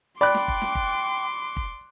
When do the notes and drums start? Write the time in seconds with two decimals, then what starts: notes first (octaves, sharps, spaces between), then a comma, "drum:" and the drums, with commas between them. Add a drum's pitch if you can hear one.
0.21 D5 G5 B5 C6 D6 F#6
0.35 drum: snare
0.48 drum: kick
0.62 drum: snare
0.75 drum: kick
1.56 drum: kick